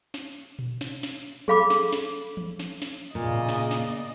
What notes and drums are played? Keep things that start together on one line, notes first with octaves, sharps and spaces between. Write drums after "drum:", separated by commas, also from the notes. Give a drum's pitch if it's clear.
drum: snare
drum: tom A#2
drum: snare
drum: snare
G#4 A4 F5 B5 D6, drum: tom F3
drum: snare
drum: snare
drum: tom E3
drum: snare
drum: snare
A#2 C#3 D5 D#5
drum: tom G#2
drum: snare
drum: snare